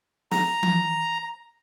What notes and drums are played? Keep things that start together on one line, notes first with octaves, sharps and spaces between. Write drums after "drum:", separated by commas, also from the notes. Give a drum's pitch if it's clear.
A#5, drum: snare
drum: tom E3